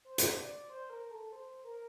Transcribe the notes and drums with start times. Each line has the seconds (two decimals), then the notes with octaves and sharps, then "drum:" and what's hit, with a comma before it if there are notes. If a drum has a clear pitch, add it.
0.05 C5
0.18 drum: hi-hat
0.37 D5
0.69 C5
0.90 A#4
1.11 A4
1.32 C5
1.64 A#4